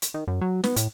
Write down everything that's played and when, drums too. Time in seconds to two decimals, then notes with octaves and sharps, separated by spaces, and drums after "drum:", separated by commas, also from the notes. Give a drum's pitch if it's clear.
0.02 drum: hi-hat
0.14 D#3
0.28 F#2
0.41 F#3
0.64 B3, drum: snare
0.76 A2, drum: hi-hat